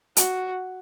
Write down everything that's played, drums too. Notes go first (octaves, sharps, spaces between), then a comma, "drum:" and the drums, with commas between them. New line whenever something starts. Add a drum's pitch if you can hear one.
F#4, drum: hi-hat